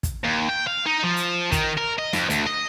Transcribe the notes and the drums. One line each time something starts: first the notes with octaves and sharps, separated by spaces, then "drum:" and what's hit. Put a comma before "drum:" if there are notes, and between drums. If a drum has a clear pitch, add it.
drum: kick, hi-hat
D#2
G5
F5
D#4
F3
drum: hi-hat
D#3, drum: kick, hi-hat
A#4
D#5
F2, drum: snare
D2, drum: hi-hat
D#5